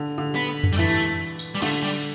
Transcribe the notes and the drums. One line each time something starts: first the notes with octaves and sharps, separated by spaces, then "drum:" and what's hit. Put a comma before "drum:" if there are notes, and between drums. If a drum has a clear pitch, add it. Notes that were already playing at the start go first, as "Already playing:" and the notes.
Already playing: D3
D3
B3
drum: tom F2
G3
E3 A3
drum: tambourine
G3
D3 A3, drum: cymbal
G3